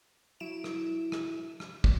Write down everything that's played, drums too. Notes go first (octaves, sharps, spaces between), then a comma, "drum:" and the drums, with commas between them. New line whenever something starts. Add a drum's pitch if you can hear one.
F#3 E4 D7 E7
drum: rim click
drum: rim click
drum: rim click
drum: kick